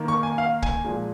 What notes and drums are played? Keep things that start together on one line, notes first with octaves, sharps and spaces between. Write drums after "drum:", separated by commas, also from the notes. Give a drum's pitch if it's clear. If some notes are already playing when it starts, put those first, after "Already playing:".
Already playing: D#3 A#3
C#6
G#5
F5
G#5, drum: kick
A#2 F3 G#3